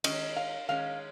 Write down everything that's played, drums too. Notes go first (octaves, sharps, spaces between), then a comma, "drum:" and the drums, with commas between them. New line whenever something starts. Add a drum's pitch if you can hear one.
D#3 G#3 C#4 D#5, drum: cymbal
F5
D#3 G#3 C#4 F5